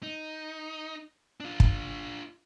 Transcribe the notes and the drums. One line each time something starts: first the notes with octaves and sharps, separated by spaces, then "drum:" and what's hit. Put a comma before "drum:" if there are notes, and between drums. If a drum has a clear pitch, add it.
D#4
D4 F4
drum: kick